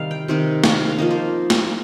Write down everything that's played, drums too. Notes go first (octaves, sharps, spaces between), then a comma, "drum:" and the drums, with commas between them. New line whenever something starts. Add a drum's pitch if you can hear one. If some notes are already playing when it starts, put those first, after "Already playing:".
Already playing: C3 D#3 G3 D#4 F5
G5
C3 D#3 C4 D#4
F5, drum: snare
F5
F3 A#3 D#4 D#5
C5
drum: snare